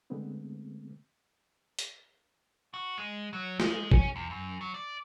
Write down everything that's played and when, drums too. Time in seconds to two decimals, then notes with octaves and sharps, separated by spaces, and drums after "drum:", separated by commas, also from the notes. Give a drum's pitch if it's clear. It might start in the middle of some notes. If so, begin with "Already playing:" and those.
0.10 D3 G#3 A3 B3 C4
1.79 drum: hi-hat
2.74 F#4
2.98 G#3
3.33 F#3
3.60 G#3, drum: snare
3.92 C#4, drum: kick G#1
4.16 E2
4.30 F#2
4.61 F#3
4.74 D5